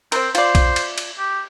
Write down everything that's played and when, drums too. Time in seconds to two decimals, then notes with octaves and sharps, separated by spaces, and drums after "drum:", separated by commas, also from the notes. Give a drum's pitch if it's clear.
0.12 C4 A#4 C5, drum: cymbal
0.35 F4 C5 D5, drum: cymbal
0.55 drum: kick B1, cymbal
0.76 drum: cymbal
0.98 drum: cymbal
1.18 G4